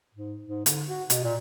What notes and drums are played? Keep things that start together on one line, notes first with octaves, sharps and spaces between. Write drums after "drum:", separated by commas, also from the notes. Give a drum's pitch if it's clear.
G#2
G#2
D3, drum: hi-hat
F#4
B2, drum: hi-hat
A#2